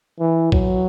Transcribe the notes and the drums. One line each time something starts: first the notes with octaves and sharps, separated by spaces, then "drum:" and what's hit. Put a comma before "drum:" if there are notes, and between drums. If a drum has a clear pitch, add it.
E3
F#3, drum: kick A#1